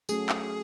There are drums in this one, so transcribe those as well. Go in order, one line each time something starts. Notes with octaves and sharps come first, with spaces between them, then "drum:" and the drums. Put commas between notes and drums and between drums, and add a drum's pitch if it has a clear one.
F#3 A3 C#4 F#4 G#4 A4, drum: tambourine
drum: clap